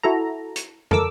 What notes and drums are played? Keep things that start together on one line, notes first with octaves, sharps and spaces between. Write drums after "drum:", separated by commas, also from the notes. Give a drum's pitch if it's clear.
E4 F#4 A4 A#5
drum: hi-hat
A4 A#4 D6 E6, drum: tom